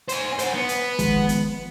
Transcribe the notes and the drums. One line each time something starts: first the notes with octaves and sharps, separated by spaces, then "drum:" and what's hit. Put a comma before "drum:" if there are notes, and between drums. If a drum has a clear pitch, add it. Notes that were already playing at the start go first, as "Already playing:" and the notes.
C5 G#5, drum: hi-hat
C5 F#5, drum: hi-hat
B3
drum: hi-hat
D#3 F3 G#3, drum: kick, hi-hat
drum: hi-hat